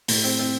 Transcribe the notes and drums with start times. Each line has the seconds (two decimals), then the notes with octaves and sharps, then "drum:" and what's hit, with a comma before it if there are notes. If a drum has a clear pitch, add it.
0.08 A2, drum: open hi-hat
0.24 C4
0.39 C4